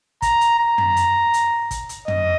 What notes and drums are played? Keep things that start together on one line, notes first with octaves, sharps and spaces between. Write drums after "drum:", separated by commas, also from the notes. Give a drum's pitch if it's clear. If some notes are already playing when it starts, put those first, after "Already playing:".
A#5, drum: kick, hi-hat
drum: hi-hat
A#5
drum: tom
drum: hi-hat
drum: hi-hat
drum: kick, hi-hat
drum: hi-hat
D#5, drum: tom